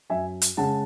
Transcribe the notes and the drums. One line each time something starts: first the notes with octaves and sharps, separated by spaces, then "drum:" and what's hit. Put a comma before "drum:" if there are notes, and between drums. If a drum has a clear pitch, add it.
F#2 E5 G#5
drum: hi-hat
C#3 G#3 F#5 A5